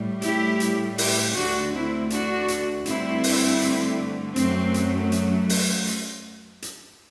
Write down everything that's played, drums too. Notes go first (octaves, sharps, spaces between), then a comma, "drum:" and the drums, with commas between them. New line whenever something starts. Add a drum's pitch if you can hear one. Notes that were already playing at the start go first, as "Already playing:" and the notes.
Already playing: A2 G3
E4 G4, drum: hi-hat
drum: hi-hat
E4 G4, drum: open hi-hat
D2 D3 A3 D4 F#4
C4 E4
D4 F#4, drum: hi-hat
drum: hi-hat
G2 D3 A3 C4 E4, drum: hi-hat
drum: open hi-hat
drum: hi-hat
F#2 F#3 A3 C4, drum: hi-hat
drum: hi-hat
drum: hi-hat
drum: open hi-hat
drum: hi-hat
drum: hi-hat